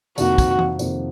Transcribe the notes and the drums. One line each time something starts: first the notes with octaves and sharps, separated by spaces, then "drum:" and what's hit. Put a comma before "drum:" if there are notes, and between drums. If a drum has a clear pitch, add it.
F2 C3 D#3 A#3 F#4, drum: tambourine
drum: kick, tambourine
drum: tom E3
F2 C3 D#3 A#3, drum: tambourine